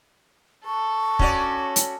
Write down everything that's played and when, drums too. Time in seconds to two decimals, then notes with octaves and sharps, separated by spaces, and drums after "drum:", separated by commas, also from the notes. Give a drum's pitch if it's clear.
0.66 A4 C#6
1.19 C#4 F#4 D5, drum: kick
1.76 drum: hi-hat